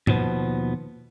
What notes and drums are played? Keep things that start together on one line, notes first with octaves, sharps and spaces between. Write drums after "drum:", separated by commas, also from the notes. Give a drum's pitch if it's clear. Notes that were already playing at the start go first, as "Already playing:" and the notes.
D#2 B2 F3 B3, drum: tom G#2